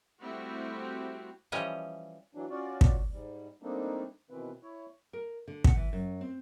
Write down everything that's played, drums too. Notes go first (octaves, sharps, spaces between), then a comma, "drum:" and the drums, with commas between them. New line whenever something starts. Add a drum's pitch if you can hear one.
G3 A3 C4 E4 F#4 G4
E3 F3 G3 C#4 D#5
E3 F#3 D4
C#4 F4 F#4 D5
drum: kick
G#2 G3
G3 A3 A#3 C4 D4 D#4
B2 D#3 E3 C4 B4
E4 C#5
A#4
D3
F#5, drum: kick
E3
F#2
C4